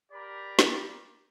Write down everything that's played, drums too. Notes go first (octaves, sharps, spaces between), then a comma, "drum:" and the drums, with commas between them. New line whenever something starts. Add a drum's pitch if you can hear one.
G4 A#4 D5 B5
drum: snare